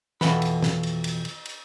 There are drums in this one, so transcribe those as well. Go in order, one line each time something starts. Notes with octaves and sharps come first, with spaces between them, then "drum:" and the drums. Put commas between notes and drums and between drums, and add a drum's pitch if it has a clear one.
F2 B2 E3 B4 F#5 B5, drum: snare
drum: cymbal
drum: snare
drum: cymbal
drum: cymbal
drum: cymbal
drum: cymbal